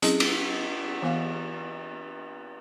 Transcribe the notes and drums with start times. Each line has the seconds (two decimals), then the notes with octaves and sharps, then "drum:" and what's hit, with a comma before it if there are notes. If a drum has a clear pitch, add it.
0.02 F#3 C4 C#4 E4 G#4 D#5, drum: hi-hat
0.20 drum: cymbal
1.02 E3 B3 F5